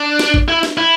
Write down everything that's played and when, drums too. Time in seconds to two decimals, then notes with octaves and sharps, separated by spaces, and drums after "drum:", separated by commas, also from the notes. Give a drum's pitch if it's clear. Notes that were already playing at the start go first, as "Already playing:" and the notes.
Already playing: D4
0.19 drum: snare
0.34 drum: kick
0.48 E4
0.63 drum: snare
0.77 E4